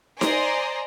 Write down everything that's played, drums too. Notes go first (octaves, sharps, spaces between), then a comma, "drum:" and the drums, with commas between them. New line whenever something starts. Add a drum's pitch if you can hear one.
C5 D5 D#5 G#5 A#5 C6, drum: snare D#4